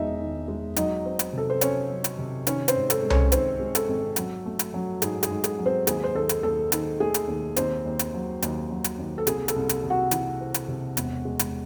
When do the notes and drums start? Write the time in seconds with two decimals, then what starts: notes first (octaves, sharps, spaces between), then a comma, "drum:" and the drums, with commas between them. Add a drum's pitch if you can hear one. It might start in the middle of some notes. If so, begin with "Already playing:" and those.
Already playing: E1 E2 G#3 D#4 D#5 E5
0.20 D#3
0.48 G#3
0.76 F#3 D#4 D#5, drum: hi-hat
1.05 C4
1.19 drum: hi-hat
1.33 C3 A4
1.50 C5
1.61 C4 C#4 C#5, drum: hi-hat
1.90 F#3
2.04 drum: hi-hat
2.19 C3
2.47 D#3 C#4 C#5, drum: hi-hat
2.68 C4 C5, drum: hi-hat
2.75 G#2
2.90 A4, drum: hi-hat
3.03 G#3
3.10 C#4 C#5, drum: tom C2
3.32 D#3 C4 C5, drum: hi-hat
3.60 G#3
3.75 A4, drum: hi-hat
3.88 G#1
4.16 F#3, drum: hi-hat
4.46 A3
4.59 drum: hi-hat
4.74 F#3
5.02 G#2 G#4, drum: hi-hat
5.23 G#4, drum: hi-hat
5.31 G#2
5.44 G#4, drum: hi-hat
5.59 F#3
5.66 C4 C5
5.87 D#2 G#4, drum: hi-hat
6.04 C5
6.15 D#2 A4
6.29 drum: hi-hat
6.43 D#2 A4
6.72 D#3 A4, drum: hi-hat
7.00 A3 G#4
7.14 drum: hi-hat
7.28 D#2
7.56 D#2 C4 C5, drum: hi-hat
7.86 D#2
7.99 drum: hi-hat
8.14 F#3
8.42 D#2, drum: hi-hat
8.71 F#3
8.84 drum: hi-hat
8.99 D#2
9.18 A4
9.27 C2 G#4, drum: hi-hat
9.48 A4, drum: hi-hat
9.56 C2
9.69 drum: hi-hat
9.83 C3
9.90 F#4 F#5
10.11 E3, drum: hi-hat
10.41 C4
10.54 drum: hi-hat
10.68 C3
10.97 E1, drum: hi-hat
11.25 G#3
11.39 drum: hi-hat